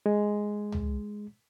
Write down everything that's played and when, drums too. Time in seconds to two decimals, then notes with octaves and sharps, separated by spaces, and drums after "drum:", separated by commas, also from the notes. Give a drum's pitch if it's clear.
0.06 G#3
0.72 drum: tom